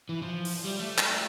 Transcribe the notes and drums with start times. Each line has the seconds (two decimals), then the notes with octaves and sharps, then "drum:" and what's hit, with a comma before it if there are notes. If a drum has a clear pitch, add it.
0.09 E3
0.22 F3
0.45 drum: open hi-hat
0.64 G3
0.79 A3
0.98 drum: clap